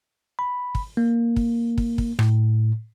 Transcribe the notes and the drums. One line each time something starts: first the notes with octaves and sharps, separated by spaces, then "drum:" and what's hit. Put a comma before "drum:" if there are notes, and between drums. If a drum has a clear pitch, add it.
B5
drum: kick
A#3
drum: kick
drum: kick
drum: kick
A2, drum: rim click